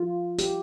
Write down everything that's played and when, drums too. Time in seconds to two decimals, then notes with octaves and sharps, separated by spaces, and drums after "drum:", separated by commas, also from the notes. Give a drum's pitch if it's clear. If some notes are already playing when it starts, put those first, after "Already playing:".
Already playing: F4
0.39 G4, drum: hi-hat